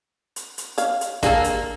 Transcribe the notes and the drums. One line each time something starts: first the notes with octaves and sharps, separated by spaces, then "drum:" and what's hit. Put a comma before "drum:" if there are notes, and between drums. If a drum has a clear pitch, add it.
drum: hi-hat
drum: hi-hat
C#5 F5, drum: hi-hat
drum: hi-hat
A#3 D4 G#4 A4, drum: kick, hi-hat
drum: hi-hat